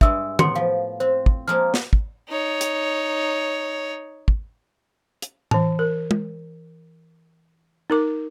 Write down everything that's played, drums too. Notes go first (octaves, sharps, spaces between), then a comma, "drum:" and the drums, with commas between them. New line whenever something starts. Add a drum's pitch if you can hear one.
G2 G#3 E5 E6, drum: kick
E2 A2 B3 C6 C#7, drum: tom
F3 F5
C4 C5
drum: kick
F3 G#3 A#3 F6
drum: snare
drum: kick
D#4 C#5
drum: hi-hat
drum: kick
drum: hi-hat
E3 A5, drum: tom A2
A#4
drum: tom
D#4 A#4 D6